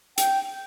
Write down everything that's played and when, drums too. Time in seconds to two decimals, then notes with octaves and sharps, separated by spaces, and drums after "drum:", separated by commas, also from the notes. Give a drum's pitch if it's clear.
0.18 G5, drum: hi-hat